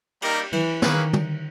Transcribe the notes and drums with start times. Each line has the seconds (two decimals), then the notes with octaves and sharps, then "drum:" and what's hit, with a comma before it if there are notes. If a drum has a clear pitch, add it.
0.22 G3 A#3 D#4 G4 A#4, drum: cymbal
0.52 E3, drum: cymbal
0.82 D#3 A#3 C#4 G#4 B4, drum: snare
1.13 drum: tom